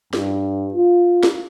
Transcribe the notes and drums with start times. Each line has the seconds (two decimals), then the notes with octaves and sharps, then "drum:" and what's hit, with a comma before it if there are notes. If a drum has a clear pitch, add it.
0.13 G2, drum: snare
0.74 F4
1.23 drum: snare